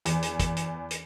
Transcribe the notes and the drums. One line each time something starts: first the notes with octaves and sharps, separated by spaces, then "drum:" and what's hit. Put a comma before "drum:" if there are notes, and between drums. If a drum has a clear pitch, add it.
E2, drum: hi-hat
drum: hi-hat
drum: kick, hi-hat
drum: hi-hat
drum: hi-hat